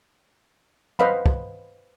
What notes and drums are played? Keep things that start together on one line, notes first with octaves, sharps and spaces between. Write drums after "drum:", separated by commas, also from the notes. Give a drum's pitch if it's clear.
B4 C5 D#5 F5 F#5 B5, drum: tom
drum: kick